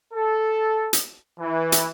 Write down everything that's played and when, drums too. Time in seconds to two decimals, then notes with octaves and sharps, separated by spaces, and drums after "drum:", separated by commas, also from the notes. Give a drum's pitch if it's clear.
0.13 A4
0.93 drum: hi-hat
1.40 E3
1.72 drum: hi-hat